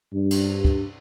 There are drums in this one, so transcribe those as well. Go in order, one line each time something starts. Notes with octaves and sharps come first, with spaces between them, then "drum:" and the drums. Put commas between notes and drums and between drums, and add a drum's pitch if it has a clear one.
G2
drum: cymbal
drum: kick